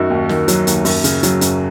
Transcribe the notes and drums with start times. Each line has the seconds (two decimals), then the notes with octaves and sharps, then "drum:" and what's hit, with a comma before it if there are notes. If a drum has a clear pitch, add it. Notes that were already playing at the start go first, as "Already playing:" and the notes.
Already playing: F#2 D#4 F#4
0.10 D#2
0.29 D#3, drum: snare
0.48 F#3, drum: hi-hat
0.67 D#2, drum: hi-hat
0.85 F#2, drum: open hi-hat
1.04 C#3, drum: hi-hat
1.23 F#3, drum: hi-hat
1.41 F#2, drum: hi-hat